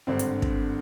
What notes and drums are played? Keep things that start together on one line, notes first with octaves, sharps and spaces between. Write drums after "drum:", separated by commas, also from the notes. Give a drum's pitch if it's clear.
G#1 G2 D3 C4
drum: hi-hat
drum: kick